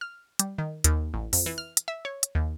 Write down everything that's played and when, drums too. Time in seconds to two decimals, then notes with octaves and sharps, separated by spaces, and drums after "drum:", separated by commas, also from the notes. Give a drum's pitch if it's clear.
0.01 F6
0.39 G3, drum: hi-hat
0.58 D#3
0.84 D#2, drum: hi-hat
1.14 A1
1.33 F2, drum: open hi-hat
1.46 E3
1.58 F6
1.77 drum: hi-hat
1.88 E5
2.05 C#5
2.23 drum: hi-hat
2.35 D#2